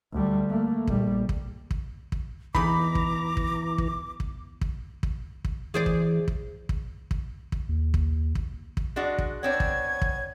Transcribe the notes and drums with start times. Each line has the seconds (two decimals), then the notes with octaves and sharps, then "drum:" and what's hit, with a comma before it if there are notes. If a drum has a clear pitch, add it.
0.13 D2 G3
0.49 A3 A#3
0.87 A#1 G3, drum: kick
1.29 drum: kick
1.71 drum: kick
2.12 drum: kick
2.55 E2 E3 D#4 A#5 B5 D6, drum: kick
2.95 drum: kick
3.37 drum: kick
3.78 drum: kick
4.20 drum: kick
4.61 drum: kick
5.03 drum: kick
5.45 drum: kick
5.74 E3 G#4 C5 D5
5.86 drum: kick
6.28 drum: kick
6.69 drum: kick
7.11 drum: kick
7.52 drum: kick
7.69 D#2
7.94 drum: kick
8.35 drum: kick
8.77 drum: kick
8.96 G#3 D4 F#4
9.18 drum: kick
9.43 B3 C4 D4 C#5 G#6
9.60 drum: kick
10.02 drum: kick